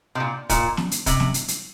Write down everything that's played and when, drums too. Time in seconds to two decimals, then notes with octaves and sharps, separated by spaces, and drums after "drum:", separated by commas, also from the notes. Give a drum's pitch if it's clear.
0.15 C3
0.20 A#2
0.50 A#2, drum: kick, hi-hat
0.77 drum: snare
0.91 drum: hi-hat
1.06 C3, drum: kick, hi-hat
1.20 drum: snare
1.34 drum: hi-hat
1.48 drum: hi-hat